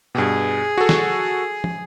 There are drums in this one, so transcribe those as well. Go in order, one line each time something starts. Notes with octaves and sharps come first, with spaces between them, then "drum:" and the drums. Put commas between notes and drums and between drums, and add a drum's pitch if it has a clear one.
G2 B2 G#4
F#4 A4
drum: snare
drum: tom